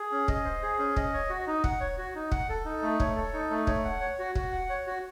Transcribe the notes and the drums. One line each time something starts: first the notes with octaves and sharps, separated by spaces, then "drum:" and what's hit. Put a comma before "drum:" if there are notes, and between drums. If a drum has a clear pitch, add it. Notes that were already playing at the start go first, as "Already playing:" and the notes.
Already playing: G#4
C#4
D#5, drum: kick
C5
G#4
C#4
D#5, drum: kick
C#5
F#4
D#4
F#5, drum: kick
C#5
F#4
D#4
F#5, drum: kick
A4
D#4
A3
C#5, drum: kick
A4
D#4
A3
C#5, drum: kick
F#5
C#5
F#4
F#4, drum: kick
F#5
C#5
F#4